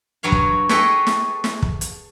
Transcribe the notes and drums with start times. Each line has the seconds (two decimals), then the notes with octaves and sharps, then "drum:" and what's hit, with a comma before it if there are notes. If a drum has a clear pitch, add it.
0.23 G2 F#3 C#5 F5
0.32 drum: kick
0.69 G#4 A4 B4 C#5 D#5 G5, drum: snare
1.07 drum: snare
1.44 drum: snare
1.62 drum: kick
1.81 drum: hi-hat